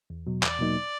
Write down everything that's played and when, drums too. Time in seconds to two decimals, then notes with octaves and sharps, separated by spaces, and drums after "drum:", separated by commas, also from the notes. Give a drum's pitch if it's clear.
0.10 E2
0.27 B2 F#3
0.43 E2 D5, drum: clap
0.59 B2 F#3 A#3 D#4